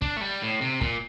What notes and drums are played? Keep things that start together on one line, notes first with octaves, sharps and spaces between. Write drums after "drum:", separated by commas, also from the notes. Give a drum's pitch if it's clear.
D4, drum: kick
A3
G3
A2
C3
A#2, drum: kick